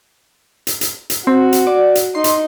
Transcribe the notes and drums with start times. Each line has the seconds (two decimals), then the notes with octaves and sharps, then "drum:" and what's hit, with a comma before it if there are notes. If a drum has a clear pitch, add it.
0.67 drum: hi-hat
0.81 drum: hi-hat
1.10 drum: hi-hat
1.27 C4 F#4
1.53 drum: hi-hat
1.67 D5
1.95 drum: hi-hat
2.15 D#4 C6
2.24 drum: hi-hat